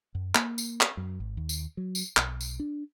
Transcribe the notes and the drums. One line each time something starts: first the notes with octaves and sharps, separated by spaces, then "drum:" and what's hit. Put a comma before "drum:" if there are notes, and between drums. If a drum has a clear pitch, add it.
F#2
A#3, drum: clap
drum: tambourine
drum: clap
F#2
G#1
D#2
drum: tambourine
F#3
drum: tambourine
B1, drum: clap
drum: tambourine
D4